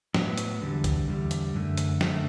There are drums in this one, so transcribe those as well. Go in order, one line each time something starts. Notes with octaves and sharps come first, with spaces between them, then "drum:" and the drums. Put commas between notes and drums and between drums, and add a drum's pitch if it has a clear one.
A2 F#3 B3, drum: snare
drum: hi-hat
E2 D3 G3
drum: kick, hi-hat
E2 D3 G3
drum: hi-hat
F#2 D3 A3
drum: hi-hat
F#2 D3 A3, drum: snare